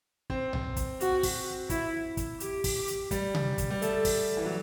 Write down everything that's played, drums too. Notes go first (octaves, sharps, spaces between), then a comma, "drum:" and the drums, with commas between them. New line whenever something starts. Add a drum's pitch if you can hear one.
C4, drum: kick
drum: tom B1
drum: kick, hi-hat
F#4, drum: hi-hat
drum: kick, open hi-hat
E4, drum: kick, hi-hat
drum: kick, hi-hat
G4, drum: hi-hat
drum: kick, open hi-hat
drum: hi-hat
G3, drum: kick, hi-hat
drum: tom C3
drum: kick, hi-hat
G3
A3 A4, drum: hi-hat
drum: kick, open hi-hat
E3
F#3